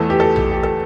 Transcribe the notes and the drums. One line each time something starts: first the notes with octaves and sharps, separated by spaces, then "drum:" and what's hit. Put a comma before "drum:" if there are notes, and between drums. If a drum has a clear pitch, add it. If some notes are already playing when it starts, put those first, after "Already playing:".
Already playing: E2 E3 A3 A4
G4
A4
drum: tom A#1
G4
A4, drum: kick